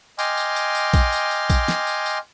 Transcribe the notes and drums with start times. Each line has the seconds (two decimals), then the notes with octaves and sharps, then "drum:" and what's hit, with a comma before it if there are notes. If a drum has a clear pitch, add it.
0.19 D#5 G5 G#5 C6 D6 F6, drum: tambourine
0.37 drum: tambourine
0.56 drum: tambourine
0.75 drum: tambourine
0.94 drum: kick, tambourine
1.12 drum: tambourine
1.31 drum: tambourine
1.50 drum: kick, tambourine
1.68 drum: snare
1.87 drum: tambourine
2.06 drum: tambourine